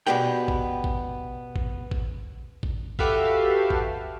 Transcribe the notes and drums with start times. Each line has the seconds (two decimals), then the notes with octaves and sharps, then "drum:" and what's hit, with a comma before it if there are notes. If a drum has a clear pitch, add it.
0.06 B2 E3 G3 B3 G#4 G5
0.48 drum: kick A1
0.84 drum: kick A1
1.56 drum: kick A1
1.91 drum: kick A1
2.63 drum: kick A1
2.99 F#4 G4 A4 B4 E5 F5, drum: kick A1
3.70 drum: kick A1